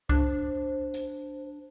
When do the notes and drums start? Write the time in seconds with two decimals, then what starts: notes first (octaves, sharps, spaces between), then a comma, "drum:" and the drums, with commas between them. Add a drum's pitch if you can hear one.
0.09 D4 C5, drum: kick C2
0.94 drum: hi-hat